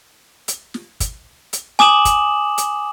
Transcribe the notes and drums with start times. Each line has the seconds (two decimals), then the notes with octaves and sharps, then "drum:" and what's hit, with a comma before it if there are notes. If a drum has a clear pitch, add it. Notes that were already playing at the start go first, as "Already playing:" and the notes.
0.48 drum: hi-hat
0.74 drum: snare
1.00 drum: kick, hi-hat
1.53 drum: hi-hat
1.79 G#5 D6 D#6 E7 F#7, drum: snare
2.05 drum: kick, hi-hat
2.58 drum: hi-hat